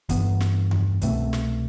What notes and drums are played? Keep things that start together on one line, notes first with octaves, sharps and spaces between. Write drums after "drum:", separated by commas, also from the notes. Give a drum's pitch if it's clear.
G2 E3 B3, drum: kick, hi-hat
drum: snare
drum: tom E2
C2 B2 A3 C4, drum: hi-hat
drum: snare